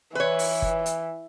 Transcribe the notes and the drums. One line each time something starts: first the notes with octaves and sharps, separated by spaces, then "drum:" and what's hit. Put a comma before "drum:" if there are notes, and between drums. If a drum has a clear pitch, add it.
E3 B4 C#5
drum: open hi-hat
drum: kick F#1
drum: hi-hat